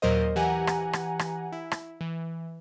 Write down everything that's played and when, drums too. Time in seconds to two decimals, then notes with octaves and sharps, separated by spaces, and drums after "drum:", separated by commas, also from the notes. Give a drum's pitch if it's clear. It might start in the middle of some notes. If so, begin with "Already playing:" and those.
0.02 D#2 A#2 F#3 A#4 C5 D#5
0.36 E3 G4 F#5 G#5 A#5
0.67 drum: rim click
0.93 drum: rim click
1.19 drum: rim click
1.52 E4
1.72 drum: rim click
2.01 E3